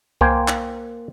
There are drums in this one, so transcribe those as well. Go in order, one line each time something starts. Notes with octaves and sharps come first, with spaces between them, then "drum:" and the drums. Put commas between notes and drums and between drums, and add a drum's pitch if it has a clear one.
A#3 C5 G5 G#5, drum: kick C2
drum: clap